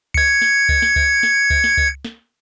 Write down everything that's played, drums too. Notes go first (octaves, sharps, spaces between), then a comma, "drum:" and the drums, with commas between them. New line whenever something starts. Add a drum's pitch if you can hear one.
G#6 C#7, drum: kick C#2
drum: snare
drum: kick C#2
drum: snare
drum: kick C#2
drum: snare
drum: kick C#2
drum: snare
drum: kick C#2
drum: snare